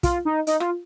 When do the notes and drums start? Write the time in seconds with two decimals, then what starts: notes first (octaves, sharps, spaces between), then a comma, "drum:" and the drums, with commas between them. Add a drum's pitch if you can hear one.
0.03 F4, drum: kick, hi-hat
0.25 D#4
0.47 D#4, drum: hi-hat
0.60 F4, drum: rim click